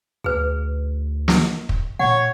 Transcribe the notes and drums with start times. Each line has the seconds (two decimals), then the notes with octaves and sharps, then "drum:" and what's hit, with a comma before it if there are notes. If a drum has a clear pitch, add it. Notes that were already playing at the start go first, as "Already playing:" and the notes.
0.24 D2 G#4 B4
1.28 drum: snare
1.69 drum: kick
1.99 A#2 C#5 F#5